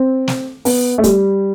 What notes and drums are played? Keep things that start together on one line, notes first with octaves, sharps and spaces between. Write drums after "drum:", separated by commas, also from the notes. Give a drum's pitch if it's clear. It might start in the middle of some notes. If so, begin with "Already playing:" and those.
Already playing: C4
drum: snare
B3, drum: open hi-hat
A3
G3, drum: kick, hi-hat